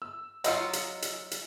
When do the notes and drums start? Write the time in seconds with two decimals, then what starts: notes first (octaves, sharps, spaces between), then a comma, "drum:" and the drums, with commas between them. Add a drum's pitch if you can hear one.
0.02 E6
0.44 F#3 D#4 F4 D#5 E6 C#7, drum: hi-hat
0.73 drum: hi-hat
1.02 drum: hi-hat
1.31 drum: hi-hat